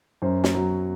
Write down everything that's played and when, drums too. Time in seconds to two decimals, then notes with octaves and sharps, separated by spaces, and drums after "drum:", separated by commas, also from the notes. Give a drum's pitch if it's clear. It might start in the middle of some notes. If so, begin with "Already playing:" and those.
0.22 F#2 C5
0.44 drum: snare
0.55 F#3